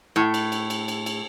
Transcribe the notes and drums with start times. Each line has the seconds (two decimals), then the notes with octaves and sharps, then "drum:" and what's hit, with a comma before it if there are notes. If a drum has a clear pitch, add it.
0.16 A2
0.34 drum: cymbal
0.52 drum: cymbal
0.70 drum: cymbal
0.88 drum: cymbal
1.06 drum: cymbal